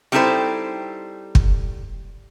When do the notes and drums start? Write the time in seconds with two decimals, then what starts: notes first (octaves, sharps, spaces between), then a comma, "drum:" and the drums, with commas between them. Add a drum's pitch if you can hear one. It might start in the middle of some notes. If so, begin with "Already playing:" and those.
0.12 G3 C4 D#4 E4 A4 C5
1.35 drum: kick